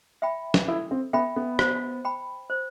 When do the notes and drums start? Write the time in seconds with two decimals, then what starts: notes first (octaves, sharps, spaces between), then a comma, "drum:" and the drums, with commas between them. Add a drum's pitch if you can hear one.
0.22 E5 G5 B5
0.54 drum: snare
0.68 E4 A4
0.91 C4
1.13 B3 E5 G5 B5
1.36 B3
1.59 C5, drum: rim click
2.05 G5 B5
2.50 C5